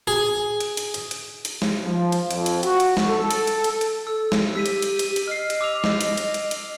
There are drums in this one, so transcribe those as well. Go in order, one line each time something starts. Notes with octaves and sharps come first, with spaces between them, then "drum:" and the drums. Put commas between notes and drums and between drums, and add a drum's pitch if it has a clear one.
G#4
drum: hi-hat
drum: hi-hat
drum: hi-hat
drum: hi-hat
drum: hi-hat
drum: snare
F3
drum: hi-hat
F2, drum: hi-hat
drum: hi-hat
F#4, drum: hi-hat
drum: hi-hat
drum: snare
A4
drum: hi-hat
drum: hi-hat
drum: hi-hat
drum: hi-hat
A4 E6
drum: snare
G4 E6 B6 D#7
drum: hi-hat
drum: hi-hat
drum: hi-hat
drum: hi-hat
D#5 F6 C7
drum: hi-hat
D6 E6 F7
drum: snare
drum: hi-hat
drum: hi-hat
drum: hi-hat
drum: hi-hat